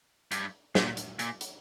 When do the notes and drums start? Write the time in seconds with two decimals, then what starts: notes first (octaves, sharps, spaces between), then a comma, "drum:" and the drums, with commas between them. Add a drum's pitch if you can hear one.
0.32 G2, drum: hi-hat
0.75 A#2, drum: snare
0.97 drum: hi-hat
1.19 A#2, drum: hi-hat
1.41 drum: hi-hat